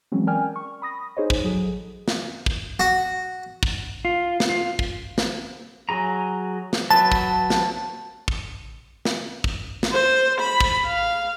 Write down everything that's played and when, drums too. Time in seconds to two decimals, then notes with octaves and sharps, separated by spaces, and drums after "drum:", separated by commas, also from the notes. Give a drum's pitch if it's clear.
0.12 E3 F#3 G#3 C4 C#4
0.27 A#4 D5 G5 G#5 F6
0.56 C#6
0.82 B5 D#6 A#6
1.17 D#4 G#4 C5 C#5 D#5
1.30 drum: kick
1.44 F#3 G#4 A4
2.08 drum: snare
2.46 drum: kick
2.80 F#4
3.63 drum: kick
4.05 F4
4.40 drum: snare
4.49 F4
4.79 drum: kick
5.18 drum: snare
5.89 F#3 G#4 A#5
6.73 drum: snare
6.90 F#3 B4 A5
7.12 drum: kick
7.50 drum: snare
8.28 drum: kick
9.05 drum: snare
9.44 drum: kick
9.83 drum: snare
9.93 C5
10.41 B5
10.60 drum: kick
10.86 F5